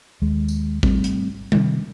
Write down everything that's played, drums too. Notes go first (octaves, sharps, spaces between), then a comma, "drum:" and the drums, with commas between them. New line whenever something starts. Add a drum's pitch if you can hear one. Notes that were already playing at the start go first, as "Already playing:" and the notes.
D#2 G#3
drum: tambourine
G3 A3 C4, drum: kick
drum: hi-hat
C3 D#3, drum: tom G3